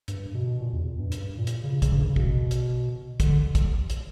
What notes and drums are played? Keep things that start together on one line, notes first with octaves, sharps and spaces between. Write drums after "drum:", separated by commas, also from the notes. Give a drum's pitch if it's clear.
G2, drum: hi-hat
B2
A#2
E2
G2
G2, drum: hi-hat
A#2
drum: hi-hat
C#3
C#3, drum: kick, hi-hat
G2
F#2
C#3
B2, drum: kick
drum: hi-hat
D3, drum: kick, hi-hat
drum: kick, hi-hat
drum: hi-hat